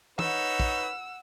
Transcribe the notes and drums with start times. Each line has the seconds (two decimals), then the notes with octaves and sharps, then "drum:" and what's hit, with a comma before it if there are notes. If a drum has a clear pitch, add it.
0.19 D#4 B4 C#5 F#5 E6, drum: tom
0.60 drum: kick